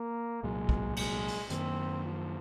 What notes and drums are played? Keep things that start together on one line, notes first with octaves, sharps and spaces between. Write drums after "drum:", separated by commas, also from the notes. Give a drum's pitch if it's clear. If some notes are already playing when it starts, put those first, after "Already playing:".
Already playing: A#3
C2 A#2 F#3 G#3
drum: kick
G#3, drum: cymbal
drum: open hi-hat
F#2 D#3 A#3 C4, drum: hi-hat
F3